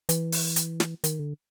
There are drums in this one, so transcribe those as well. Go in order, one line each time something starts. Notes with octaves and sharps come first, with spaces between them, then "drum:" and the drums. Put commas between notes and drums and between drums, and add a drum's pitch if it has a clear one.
E3, drum: hi-hat
drum: open hi-hat
drum: hi-hat
drum: snare
D#3, drum: hi-hat
D3